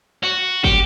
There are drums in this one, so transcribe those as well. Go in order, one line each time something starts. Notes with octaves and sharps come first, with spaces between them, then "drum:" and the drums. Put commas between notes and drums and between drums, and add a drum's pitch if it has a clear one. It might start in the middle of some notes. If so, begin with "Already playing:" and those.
F#4
G4, drum: kick